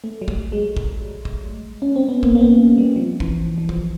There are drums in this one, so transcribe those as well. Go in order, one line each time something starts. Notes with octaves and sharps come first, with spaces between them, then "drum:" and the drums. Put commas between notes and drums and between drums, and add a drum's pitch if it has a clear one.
A3
F#3
G3, drum: kick
G#3
drum: kick
drum: kick
C#4
C4
B3
A#3, drum: kick
A#3
B3
G3
F3
E3, drum: kick
E3
F3, drum: kick